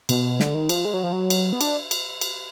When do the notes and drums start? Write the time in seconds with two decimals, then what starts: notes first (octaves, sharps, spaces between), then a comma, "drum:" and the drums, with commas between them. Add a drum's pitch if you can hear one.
0.09 B2, drum: cymbal
0.40 D3, drum: snare
0.54 D#3
0.69 F3, drum: cymbal
0.85 G#3
0.94 F#3
1.03 F3
1.12 F#3
1.30 drum: cymbal
1.53 B3
1.61 D4, drum: cymbal
1.91 drum: cymbal
2.21 drum: cymbal